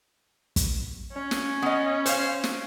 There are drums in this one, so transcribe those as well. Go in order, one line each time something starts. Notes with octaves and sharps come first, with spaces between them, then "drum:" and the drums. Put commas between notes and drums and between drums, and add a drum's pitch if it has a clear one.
drum: kick, hi-hat
C#4
drum: snare
B3 D#5
C5 C#5 F5, drum: hi-hat
drum: snare